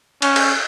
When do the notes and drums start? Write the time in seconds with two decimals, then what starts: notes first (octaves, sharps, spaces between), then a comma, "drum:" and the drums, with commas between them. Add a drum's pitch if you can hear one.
0.22 C#4, drum: cymbal
0.36 drum: cymbal